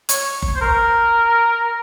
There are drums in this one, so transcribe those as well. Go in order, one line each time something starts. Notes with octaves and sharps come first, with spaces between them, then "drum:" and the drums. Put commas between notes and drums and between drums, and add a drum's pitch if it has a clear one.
C#5, drum: hi-hat
drum: kick F#1
C5
A#4